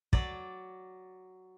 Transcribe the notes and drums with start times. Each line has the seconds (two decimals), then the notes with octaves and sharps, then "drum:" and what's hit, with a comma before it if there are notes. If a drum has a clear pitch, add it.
0.13 F#3 D5, drum: kick